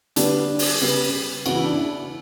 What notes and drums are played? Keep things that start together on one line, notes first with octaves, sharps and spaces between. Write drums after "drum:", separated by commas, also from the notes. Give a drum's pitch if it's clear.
D3 G3 B3 D4, drum: hi-hat
drum: open hi-hat
C#3 G3 B3
C#3 E3 B3 F#4, drum: cymbal
E4
D4
E4